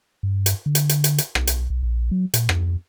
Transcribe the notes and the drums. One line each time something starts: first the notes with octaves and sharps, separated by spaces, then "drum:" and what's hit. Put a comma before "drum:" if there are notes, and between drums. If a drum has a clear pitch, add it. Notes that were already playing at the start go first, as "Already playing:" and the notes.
G2
drum: hi-hat
D3
drum: hi-hat
drum: hi-hat
drum: hi-hat
drum: hi-hat
B1, drum: rim click
drum: hi-hat
B1
A#1
F#3
A#2, drum: hi-hat
F2, drum: rim click